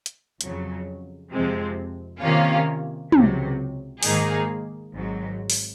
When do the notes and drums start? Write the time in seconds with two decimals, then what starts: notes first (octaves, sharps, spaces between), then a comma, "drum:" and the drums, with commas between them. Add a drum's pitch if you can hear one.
0.06 drum: hi-hat
0.41 F2 C#3 F#3, drum: hi-hat
1.31 F2 C3 F3 G#3 C4
2.21 C3 D#3 A#3 C#4 F4
3.12 C#2 C3 F#3, drum: tom
4.03 G#2 D#3 A#3 D#4 G#4, drum: open hi-hat
4.93 G#1 G#2 F#3
5.50 drum: open hi-hat